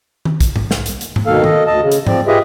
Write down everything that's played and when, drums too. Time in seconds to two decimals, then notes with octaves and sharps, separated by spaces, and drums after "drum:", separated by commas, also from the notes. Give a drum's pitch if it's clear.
0.25 drum: tom D#3
0.41 drum: kick, hi-hat
0.56 drum: tom G#2
0.71 drum: snare
0.86 drum: hi-hat
1.01 drum: hi-hat
1.16 drum: tom G#2
1.26 D2 B2 D#3 A#3 A4 F5
1.44 A4 D#5, drum: tom D#3
1.67 D2 D#5 A5
1.82 C#3
1.91 drum: hi-hat
2.07 F3 C4 D5, drum: tom G#2
2.27 F4 G4 G#4 B4 D#5 E5